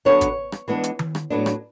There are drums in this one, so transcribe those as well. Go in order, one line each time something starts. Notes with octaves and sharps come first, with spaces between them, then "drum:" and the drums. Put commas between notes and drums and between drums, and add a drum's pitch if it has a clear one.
D3 F#3 B3 D4 C#5
drum: kick G#1, hi-hat
drum: rim click
E3 G#3 B3 D4
drum: hi-hat
drum: tom D#3
drum: rim click
A2 F#3 B3 D4
drum: rim click